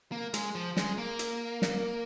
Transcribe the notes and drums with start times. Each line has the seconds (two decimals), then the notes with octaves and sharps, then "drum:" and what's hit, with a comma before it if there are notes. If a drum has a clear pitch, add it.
0.12 A#3
0.34 G#3, drum: hi-hat
0.55 F3
0.77 G#3, drum: snare
0.98 A#3
1.19 drum: hi-hat
1.62 drum: snare